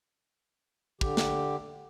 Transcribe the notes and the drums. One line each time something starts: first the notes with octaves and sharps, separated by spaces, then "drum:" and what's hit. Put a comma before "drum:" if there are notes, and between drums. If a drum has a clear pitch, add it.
D3 G4, drum: kick
drum: snare